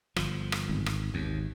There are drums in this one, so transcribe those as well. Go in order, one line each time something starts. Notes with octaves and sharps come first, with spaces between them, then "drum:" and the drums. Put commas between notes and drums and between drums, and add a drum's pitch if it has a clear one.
G1 F3, drum: rim click
drum: rim click
G#1
drum: rim click
G#1 D#2